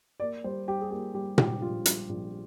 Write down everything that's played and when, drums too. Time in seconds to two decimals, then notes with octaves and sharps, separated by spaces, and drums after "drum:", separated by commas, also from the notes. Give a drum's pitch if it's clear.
0.20 A#3 D5
0.44 G3 C5
0.68 G3 G4
0.81 G#4
0.90 A#3 G4
1.14 G3 G4
1.38 G#2 G4, drum: tom A#2
1.62 A#1 F4
1.86 G3, drum: hi-hat
2.09 A#1